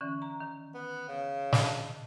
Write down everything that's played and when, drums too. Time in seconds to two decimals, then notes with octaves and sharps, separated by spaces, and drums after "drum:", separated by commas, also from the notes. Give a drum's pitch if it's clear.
0.01 D3 E3 C#4
0.22 A#5
0.40 D#3
0.74 B3
1.08 C#3
1.53 drum: snare
1.64 D3 D#5 A5